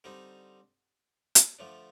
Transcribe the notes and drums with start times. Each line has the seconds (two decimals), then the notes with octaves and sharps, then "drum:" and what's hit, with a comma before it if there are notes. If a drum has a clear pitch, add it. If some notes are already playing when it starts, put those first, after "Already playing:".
0.04 D3 G3 C4 D#4
1.35 drum: hi-hat
1.59 D3 F3 A3 D4